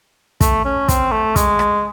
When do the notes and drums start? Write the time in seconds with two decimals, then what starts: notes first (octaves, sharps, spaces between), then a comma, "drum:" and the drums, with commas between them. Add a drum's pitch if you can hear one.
0.41 A3, drum: kick, hi-hat
0.65 C#4
0.88 C4, drum: kick, hi-hat
1.12 A3
1.36 G#3, drum: kick, hi-hat
1.59 drum: rim click